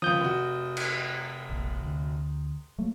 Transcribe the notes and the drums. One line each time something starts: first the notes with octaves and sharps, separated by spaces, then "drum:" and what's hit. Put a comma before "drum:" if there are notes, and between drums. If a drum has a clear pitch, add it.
C#2 F3 D#6 G6
F1 F#4
drum: cymbal
E1 A#1
D2
F#3 A3 A#3